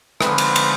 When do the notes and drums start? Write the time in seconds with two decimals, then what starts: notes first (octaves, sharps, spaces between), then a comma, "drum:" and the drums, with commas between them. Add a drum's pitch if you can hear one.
0.21 D3 F3 G#3 C4 D#4 B4, drum: rim click
0.38 drum: cymbal
0.56 drum: cymbal